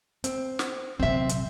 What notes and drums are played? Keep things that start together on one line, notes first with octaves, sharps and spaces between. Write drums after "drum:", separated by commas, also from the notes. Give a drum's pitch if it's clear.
C4, drum: hi-hat
drum: snare
C3 F#3 C4 E5
drum: hi-hat